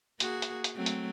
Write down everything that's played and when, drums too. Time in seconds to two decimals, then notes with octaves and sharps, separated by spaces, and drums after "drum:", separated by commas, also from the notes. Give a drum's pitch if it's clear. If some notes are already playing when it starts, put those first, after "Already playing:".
0.20 A#3 F#4 G#4, drum: hi-hat
0.42 drum: hi-hat
0.64 drum: hi-hat
0.76 F#3 A3 C4
0.86 drum: hi-hat